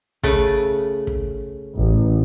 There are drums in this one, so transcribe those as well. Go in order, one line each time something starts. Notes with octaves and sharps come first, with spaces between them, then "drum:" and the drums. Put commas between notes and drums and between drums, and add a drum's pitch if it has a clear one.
C#3 A3 B4, drum: kick
drum: kick
A1